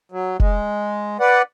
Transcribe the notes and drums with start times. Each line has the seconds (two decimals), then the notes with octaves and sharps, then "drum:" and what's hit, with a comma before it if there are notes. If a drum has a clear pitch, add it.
0.12 F#3
0.40 G#3, drum: kick F1
1.20 B4 D5 F#5